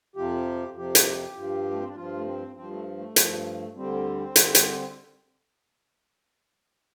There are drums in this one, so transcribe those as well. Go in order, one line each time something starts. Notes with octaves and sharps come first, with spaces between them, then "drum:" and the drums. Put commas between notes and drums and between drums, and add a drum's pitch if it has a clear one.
F2 C3 F3 G4
F2 C3 F3 G4
drum: hi-hat
G2 F3
A3
C4
D4
G2 F3 F4
A3
C4
G2 F3 C4
A3
A3
G2 F3, drum: hi-hat
D2 D3 G3 C4
D3 G3, drum: hi-hat
drum: hi-hat